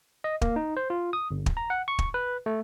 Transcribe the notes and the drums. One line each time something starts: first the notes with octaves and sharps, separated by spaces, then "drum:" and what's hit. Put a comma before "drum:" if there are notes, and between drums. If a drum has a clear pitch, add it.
D#5
A#3, drum: kick
D#4
C5
F4
D#6
G1
drum: kick
A#5
F#5
C#6
drum: kick
B4
A3